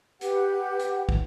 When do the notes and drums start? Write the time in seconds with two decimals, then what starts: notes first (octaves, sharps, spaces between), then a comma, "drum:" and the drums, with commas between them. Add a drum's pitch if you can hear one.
0.21 G4 B4 F#5, drum: hi-hat
0.80 drum: hi-hat
1.09 drum: kick